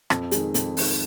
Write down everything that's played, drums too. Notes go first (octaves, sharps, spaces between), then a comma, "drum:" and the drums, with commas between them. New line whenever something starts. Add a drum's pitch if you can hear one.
F2, drum: rim click
D#3 G#3, drum: hi-hat
F2, drum: hi-hat
D#3 G#3, drum: open hi-hat